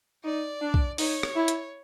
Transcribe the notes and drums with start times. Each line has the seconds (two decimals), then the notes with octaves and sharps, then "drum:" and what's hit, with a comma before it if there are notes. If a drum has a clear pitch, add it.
0.24 D#4 D5
0.62 D4
0.74 drum: kick
0.98 D#4 C#5, drum: open hi-hat
1.23 drum: rim click
1.36 E4
1.48 drum: hi-hat